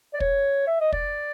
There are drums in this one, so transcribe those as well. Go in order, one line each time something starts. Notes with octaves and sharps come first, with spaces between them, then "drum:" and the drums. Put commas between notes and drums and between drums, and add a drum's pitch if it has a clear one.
D5
C#5, drum: kick
E5
D#5
D5, drum: kick